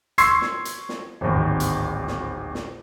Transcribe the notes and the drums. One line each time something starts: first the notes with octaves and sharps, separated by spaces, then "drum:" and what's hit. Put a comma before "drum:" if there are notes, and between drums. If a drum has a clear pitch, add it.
C6 C#6 E6 G#6 C7, drum: hi-hat
drum: snare
drum: hi-hat
drum: snare
D1 G#1 D#2
drum: hi-hat
drum: snare
drum: snare